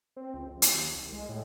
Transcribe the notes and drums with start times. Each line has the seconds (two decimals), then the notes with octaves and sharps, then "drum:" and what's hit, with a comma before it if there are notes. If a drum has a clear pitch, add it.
0.16 C4
0.34 C#2
0.47 F2
0.62 D#2, drum: hi-hat
0.95 C2
1.13 G#3
1.29 A2